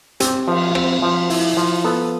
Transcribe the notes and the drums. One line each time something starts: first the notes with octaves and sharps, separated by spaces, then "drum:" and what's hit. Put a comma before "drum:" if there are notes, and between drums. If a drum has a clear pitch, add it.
C4 G4, drum: hi-hat
F3, drum: cymbal
C4, drum: rim click
F3
E4, drum: open hi-hat
F3
B3 A4